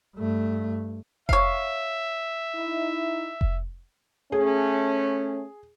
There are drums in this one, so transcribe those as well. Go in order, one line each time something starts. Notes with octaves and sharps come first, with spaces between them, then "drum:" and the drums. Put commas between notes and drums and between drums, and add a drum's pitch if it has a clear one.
G2 A3
C#5 E5 F5, drum: kick F1
D#4 E4
drum: kick F1
A3 C#4 G#4